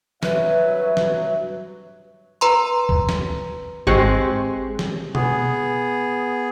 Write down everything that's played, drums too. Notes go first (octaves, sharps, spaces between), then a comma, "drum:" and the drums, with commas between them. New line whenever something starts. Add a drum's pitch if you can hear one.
G2 F#3 B4 E5, drum: snare
drum: snare
B4 A#5 C6
drum: kick
drum: snare
G#1 G#3 C4 G4 C#6 F#6
drum: snare
B3 G#4, drum: tom B2